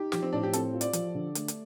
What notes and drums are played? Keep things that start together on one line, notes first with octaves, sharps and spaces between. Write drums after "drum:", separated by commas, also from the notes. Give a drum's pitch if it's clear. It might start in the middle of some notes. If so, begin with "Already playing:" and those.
Already playing: D#4 G4
F3 G4, drum: snare
C4
A2 D4
G4
C4 A4, drum: hi-hat
F4
D5, drum: hi-hat
F3, drum: hi-hat
D3
A3, drum: hi-hat
drum: hi-hat